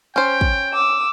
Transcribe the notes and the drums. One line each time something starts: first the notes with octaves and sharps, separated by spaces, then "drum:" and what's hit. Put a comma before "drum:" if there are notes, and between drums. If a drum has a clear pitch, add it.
C#4 C5 G5
drum: kick
D6 E6